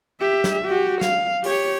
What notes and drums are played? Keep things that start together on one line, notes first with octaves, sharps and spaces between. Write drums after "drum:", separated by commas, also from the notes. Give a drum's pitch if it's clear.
G4 E5
drum: snare
F#4 G4
F5, drum: snare
G4 C#5, drum: open hi-hat